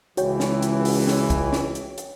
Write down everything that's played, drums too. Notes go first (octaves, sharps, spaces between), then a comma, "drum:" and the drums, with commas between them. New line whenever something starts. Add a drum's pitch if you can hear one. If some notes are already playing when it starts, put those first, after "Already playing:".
C#2 E3 F#4 C#5 G5, drum: hi-hat
drum: snare
drum: hi-hat
drum: open hi-hat
drum: snare
drum: kick, hi-hat
drum: snare
drum: hi-hat
drum: hi-hat